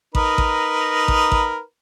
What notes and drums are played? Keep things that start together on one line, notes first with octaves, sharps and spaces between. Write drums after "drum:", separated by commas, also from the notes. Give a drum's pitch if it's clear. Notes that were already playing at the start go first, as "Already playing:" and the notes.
D#4 A#4 B4, drum: kick A1
drum: kick A1
drum: kick A1
drum: kick A1